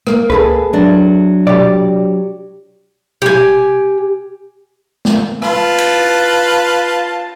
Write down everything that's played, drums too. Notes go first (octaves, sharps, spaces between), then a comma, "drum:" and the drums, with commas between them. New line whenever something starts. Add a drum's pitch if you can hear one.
A#3, drum: rim click
G#4 A4 B4, drum: kick C#2
F#3 D4
G4 D5, drum: tom B2
G4 G#5, drum: tom B2
drum: snare
F4 B4 A5, drum: rim click
drum: cymbal